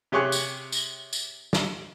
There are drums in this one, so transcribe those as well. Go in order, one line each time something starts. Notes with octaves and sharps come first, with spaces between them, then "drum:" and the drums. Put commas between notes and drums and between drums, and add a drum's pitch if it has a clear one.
C3 G4 G#4 C#5 C#6 F#6
drum: tambourine
drum: tambourine
drum: tambourine
drum: snare